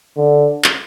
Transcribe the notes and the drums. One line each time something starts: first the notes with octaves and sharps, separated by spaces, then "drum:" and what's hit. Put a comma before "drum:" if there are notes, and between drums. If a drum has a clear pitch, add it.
D3
drum: clap